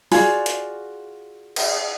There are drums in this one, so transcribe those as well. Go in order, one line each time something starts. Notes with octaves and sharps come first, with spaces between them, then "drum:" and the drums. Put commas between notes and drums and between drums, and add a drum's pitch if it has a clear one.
F4 F#4 G#4 D5, drum: open hi-hat
drum: hi-hat
drum: cymbal